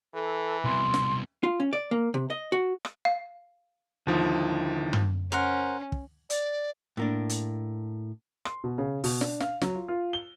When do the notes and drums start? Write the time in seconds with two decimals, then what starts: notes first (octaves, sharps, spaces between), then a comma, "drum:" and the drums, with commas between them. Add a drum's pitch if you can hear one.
0.14 E3 A4
0.65 C2 B2 C6
0.94 drum: snare
1.43 F4
1.60 C#4
1.73 D5
1.91 A#3
2.14 C3
2.30 D#5
2.52 F#4
2.85 drum: rim click
3.05 F5
4.07 D#2 D3 F3 D#4 E4
4.93 drum: tom
5.32 C#4 A#4 C5 F#5
5.92 drum: kick
6.30 D5, drum: hi-hat
6.97 A2 A#3 D4
7.29 drum: hi-hat
8.45 C6, drum: rim click
8.64 B2
8.78 C#3
9.04 B2, drum: open hi-hat
9.21 D4, drum: snare
9.40 F5, drum: snare
9.61 F#3, drum: snare
9.75 F4
9.88 F4
10.13 G7